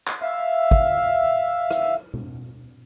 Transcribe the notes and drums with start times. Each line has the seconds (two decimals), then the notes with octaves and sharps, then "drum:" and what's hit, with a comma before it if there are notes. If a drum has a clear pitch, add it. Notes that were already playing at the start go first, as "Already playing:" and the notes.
0.07 drum: clap
0.22 E5 F5
0.71 drum: kick
1.71 drum: rim click
2.14 drum: tom B2